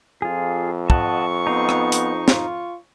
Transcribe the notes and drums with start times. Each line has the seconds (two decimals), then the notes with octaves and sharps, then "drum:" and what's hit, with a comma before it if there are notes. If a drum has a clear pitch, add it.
0.22 F2 F4 G#4
0.90 D#5 F#5 A5 C#6, drum: kick
1.47 B3 D#4 C5
1.69 drum: rim click
1.92 drum: hi-hat
2.28 F4, drum: snare